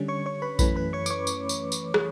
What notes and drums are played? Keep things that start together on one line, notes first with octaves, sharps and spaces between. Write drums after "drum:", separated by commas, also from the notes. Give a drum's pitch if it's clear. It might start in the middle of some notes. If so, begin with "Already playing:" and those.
Already playing: D3 G3 C#4
C#5 C#6
C#5 C#6
B4 B5
F#2 E3 A3 C#4 B4 B5, drum: kick A#1, tambourine
B4 B5
C#5 C#6
D6, drum: tambourine
C#5 C#6
drum: tambourine
drum: tambourine
drum: tambourine
drum: rim click